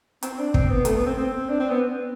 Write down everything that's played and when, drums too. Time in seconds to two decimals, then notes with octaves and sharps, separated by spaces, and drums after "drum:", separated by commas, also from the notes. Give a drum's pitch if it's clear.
0.23 C4, drum: hi-hat
0.38 D4
0.54 C4, drum: kick
0.69 B3
0.85 A3, drum: hi-hat
0.97 B3
1.06 C4
1.17 C4
1.49 D4
1.60 C4
1.70 B3